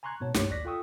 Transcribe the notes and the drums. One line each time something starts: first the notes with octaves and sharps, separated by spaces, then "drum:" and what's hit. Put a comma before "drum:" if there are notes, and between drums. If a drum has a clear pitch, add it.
G#5 A#5 C6 C#6 F#6 G#6
G#2 B2 B3 C#5 A5
C2 G2 D#4 G4 C#5 C#6, drum: snare
A#1 D#2 D5 F#6 A#6 B6
F4 A4 G5 C#6 D#6 E6